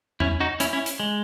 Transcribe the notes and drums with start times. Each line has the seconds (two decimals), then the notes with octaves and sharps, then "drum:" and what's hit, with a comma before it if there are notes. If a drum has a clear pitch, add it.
0.20 C#4 E4, drum: tom E2
0.40 D#4 F#4
0.60 C#4 E4, drum: hi-hat
0.73 C#4 E4
0.86 drum: hi-hat
1.00 G#3